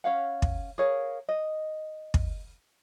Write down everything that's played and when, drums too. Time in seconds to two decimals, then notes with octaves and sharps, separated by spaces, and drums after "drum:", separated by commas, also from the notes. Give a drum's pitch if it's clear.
0.04 C#4 C#5 F5 F#5
0.42 drum: kick
0.78 G#4 A#4 C#5 F5
1.29 D#5
2.14 drum: kick